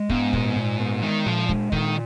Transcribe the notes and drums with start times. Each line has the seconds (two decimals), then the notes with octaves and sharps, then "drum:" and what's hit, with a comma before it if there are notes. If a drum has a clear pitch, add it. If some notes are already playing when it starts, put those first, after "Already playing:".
Already playing: G#3
0.09 G#2 B3, drum: kick
0.33 A#2, drum: kick
0.56 A#2
0.79 B3
1.02 D#3 G#3
1.26 A#2 F3
1.49 G#3, drum: kick
1.72 A#2 D#3, drum: kick